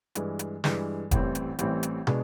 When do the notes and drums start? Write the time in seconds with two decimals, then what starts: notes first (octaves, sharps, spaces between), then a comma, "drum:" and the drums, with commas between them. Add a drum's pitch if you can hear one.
0.15 G2 E3 G#3, drum: hi-hat
0.39 drum: hi-hat
0.64 G2 E3 G#3, drum: snare
1.11 A1 A2 E3 G3 C4, drum: kick, hi-hat
1.35 drum: hi-hat
1.59 A1 A2 E3 G3 C4, drum: hi-hat
1.83 drum: hi-hat
2.07 B2 G#3 B3 D4, drum: tom